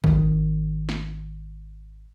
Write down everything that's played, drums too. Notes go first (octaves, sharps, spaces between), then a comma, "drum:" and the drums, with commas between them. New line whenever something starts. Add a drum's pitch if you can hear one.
G#1 D#3, drum: kick
drum: snare